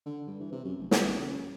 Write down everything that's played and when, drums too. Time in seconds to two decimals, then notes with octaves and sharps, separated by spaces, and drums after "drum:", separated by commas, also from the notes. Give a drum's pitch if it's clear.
0.06 D3
0.27 G2
0.40 E3
0.52 C3
0.65 F#2
0.79 F1
0.91 A1, drum: snare
1.04 A1
1.18 C#3
1.37 F#2